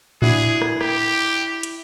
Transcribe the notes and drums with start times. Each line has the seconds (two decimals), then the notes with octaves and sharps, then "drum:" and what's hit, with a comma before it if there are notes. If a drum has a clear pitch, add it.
0.22 D4 E4 F#4 G#4, drum: tom A2
0.62 drum: rim click
0.81 G4, drum: rim click
1.63 drum: hi-hat